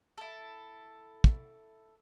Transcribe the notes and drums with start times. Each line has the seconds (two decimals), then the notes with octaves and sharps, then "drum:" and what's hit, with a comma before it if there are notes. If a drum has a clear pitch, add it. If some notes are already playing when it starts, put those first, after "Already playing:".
0.18 E4 A4
1.24 drum: kick